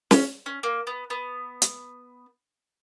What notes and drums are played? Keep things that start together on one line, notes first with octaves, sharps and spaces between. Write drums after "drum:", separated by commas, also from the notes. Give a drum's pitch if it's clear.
C#4, drum: snare
C#4
A#3
B3
B3
drum: hi-hat